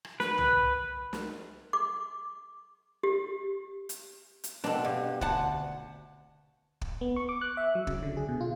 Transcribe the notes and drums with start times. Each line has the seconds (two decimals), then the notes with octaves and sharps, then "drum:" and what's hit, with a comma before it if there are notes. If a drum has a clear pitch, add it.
0.05 drum: rim click
0.20 B4, drum: snare
0.38 drum: tom
1.13 drum: snare
1.73 D6
3.03 G4
3.89 drum: hi-hat
4.44 drum: hi-hat
4.64 B2 C4 D4 A4, drum: snare
4.85 G2
5.21 D2 F#5 A5, drum: kick
6.81 drum: kick
7.01 B3
7.16 C#6
7.29 D6
7.41 F#6
7.57 E5
7.75 F#3
7.87 C#3, drum: kick
8.03 D3
8.17 G#4
8.28 B2
8.41 F4